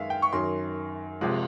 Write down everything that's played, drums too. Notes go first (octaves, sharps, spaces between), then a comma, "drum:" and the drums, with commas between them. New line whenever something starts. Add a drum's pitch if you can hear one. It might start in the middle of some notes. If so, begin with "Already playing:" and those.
Already playing: F#2 D#3 G#3 E5 F5
G5
C#6
F#2 D#3 F#3 C6
C3 F3 G#3, drum: cymbal